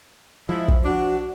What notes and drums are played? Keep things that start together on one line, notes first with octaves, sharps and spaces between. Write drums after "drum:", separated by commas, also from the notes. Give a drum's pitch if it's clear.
F3 G#3 E4
drum: kick
D4 F#4